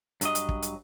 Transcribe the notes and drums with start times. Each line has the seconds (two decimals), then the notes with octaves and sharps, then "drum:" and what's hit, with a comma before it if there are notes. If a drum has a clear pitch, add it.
0.21 G2 F#3 D#5, drum: hi-hat
0.35 drum: hi-hat
0.49 drum: kick
0.62 drum: hi-hat